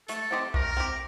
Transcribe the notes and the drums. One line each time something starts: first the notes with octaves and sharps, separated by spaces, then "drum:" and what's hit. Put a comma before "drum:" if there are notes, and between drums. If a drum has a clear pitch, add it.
A3 A4, drum: hi-hat
C4 G4 C5 D#5
A3 A#4, drum: kick B1
C4 G4